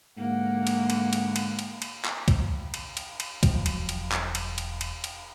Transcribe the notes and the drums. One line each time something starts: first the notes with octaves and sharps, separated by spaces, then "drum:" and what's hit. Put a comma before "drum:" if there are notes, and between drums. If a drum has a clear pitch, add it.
G#2 D3 A#3 F#5
drum: cymbal
drum: cymbal
drum: cymbal
drum: cymbal
drum: cymbal
drum: cymbal
drum: clap
drum: kick, cymbal
drum: cymbal
drum: cymbal
drum: cymbal
E1 F3 F#3, drum: kick, cymbal
drum: cymbal
drum: cymbal
drum: clap
drum: cymbal
drum: cymbal
drum: cymbal
drum: cymbal